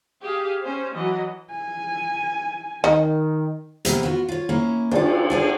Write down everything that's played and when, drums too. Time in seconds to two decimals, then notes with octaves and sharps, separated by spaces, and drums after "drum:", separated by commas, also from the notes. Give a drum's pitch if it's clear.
0.23 G4 G#4 F5
0.61 C#4 C5
0.94 E3 F#3 D#5
1.50 G#5
2.84 D#3 D#4 D#5, drum: rim click
3.85 C3 E3 A#3 B3, drum: hi-hat
4.03 B3 F4 F#4
4.28 F4 C#5
4.49 A#3 C#4 E4 C#5
4.91 D4 F4, drum: cymbal
5.30 D4 F4 G#4